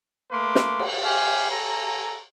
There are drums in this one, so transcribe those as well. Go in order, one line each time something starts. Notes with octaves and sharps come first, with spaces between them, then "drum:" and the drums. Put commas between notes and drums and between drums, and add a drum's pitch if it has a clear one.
A3 A#3 B4 C6 D6
drum: snare
drum: cymbal
G4 E5 F5 G#5
A4 G#5 A#5